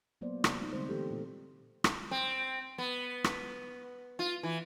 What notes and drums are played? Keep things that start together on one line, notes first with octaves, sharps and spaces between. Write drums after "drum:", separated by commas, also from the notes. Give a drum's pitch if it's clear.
F#3 A#3 B3 C5 D5
C3, drum: rim click
A3 D#4
D3 G3 G#3 C4 C5
E3 A3 E4 G4 A4
A#2 A3 F4
drum: rim click
C4
B3
drum: rim click
F4
E3